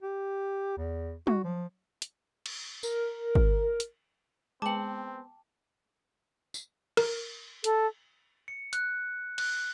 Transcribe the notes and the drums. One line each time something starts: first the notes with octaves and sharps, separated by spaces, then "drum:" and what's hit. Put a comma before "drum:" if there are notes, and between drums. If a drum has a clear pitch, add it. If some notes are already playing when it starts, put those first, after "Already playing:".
G4
E2
F#4, drum: tom
F3
drum: hi-hat
drum: cymbal
A#4, drum: tambourine
drum: kick
drum: hi-hat
G#3 B3 C4 G5 A5 D6 F#7
drum: tambourine
A#4, drum: cymbal
A4, drum: hi-hat
C#7
F#6, drum: hi-hat
F#6, drum: cymbal